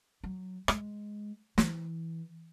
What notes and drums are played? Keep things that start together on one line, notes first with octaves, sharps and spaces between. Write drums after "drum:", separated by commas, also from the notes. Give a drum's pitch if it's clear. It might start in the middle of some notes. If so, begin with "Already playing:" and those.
F#3
G#3, drum: rim click
E3, drum: snare